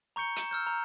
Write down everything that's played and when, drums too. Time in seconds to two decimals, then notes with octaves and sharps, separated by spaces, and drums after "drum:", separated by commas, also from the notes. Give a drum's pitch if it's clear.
0.16 A#5 C#6 G6 C#7 G7
0.36 E7, drum: hi-hat
0.51 E6 F6 G6
0.67 A#5